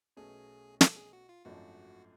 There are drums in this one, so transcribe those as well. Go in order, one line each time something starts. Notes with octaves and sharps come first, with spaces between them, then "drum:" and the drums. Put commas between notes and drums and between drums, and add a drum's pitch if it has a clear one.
B1 B2 A3 C#4 G#4
A4, drum: snare
G#4
F#4
F4
G#1 F#2 F3 A3 D4 F#4